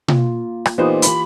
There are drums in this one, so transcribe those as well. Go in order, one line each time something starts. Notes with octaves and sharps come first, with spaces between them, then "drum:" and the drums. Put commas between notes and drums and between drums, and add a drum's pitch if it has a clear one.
A#3 F4, drum: tom B2
drum: rim click
A#2 E3 B3 D#4 F4 G4 C5
B5, drum: hi-hat